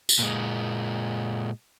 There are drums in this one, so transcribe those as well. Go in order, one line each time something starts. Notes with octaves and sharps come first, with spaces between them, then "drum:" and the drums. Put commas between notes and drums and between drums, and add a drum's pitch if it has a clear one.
drum: tambourine
A#2 G#3